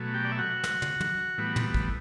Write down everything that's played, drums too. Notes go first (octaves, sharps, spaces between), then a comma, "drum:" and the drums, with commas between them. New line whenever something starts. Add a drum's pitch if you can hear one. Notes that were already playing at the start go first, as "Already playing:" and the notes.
Already playing: B2 F#3 A3
G4 G5
D5
E5
F#4 F#5
drum: snare
drum: tom
drum: tom
A2 E3 G3 B3
drum: tom
drum: kick